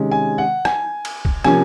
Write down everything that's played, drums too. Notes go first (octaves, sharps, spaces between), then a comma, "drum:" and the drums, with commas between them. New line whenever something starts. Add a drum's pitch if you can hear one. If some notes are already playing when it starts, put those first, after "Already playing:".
Already playing: C3 D#3 G#3 C#4
G#5
F#5
G#5, drum: rim click
drum: cymbal
drum: kick
C3 F3 A#3 C#4 G#5, drum: rim click